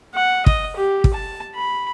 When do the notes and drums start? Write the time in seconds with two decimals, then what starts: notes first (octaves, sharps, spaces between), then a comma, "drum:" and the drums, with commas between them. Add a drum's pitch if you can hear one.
0.15 F#5
0.46 D#5, drum: kick
0.77 G4
1.04 drum: kick
1.14 A5
1.55 B5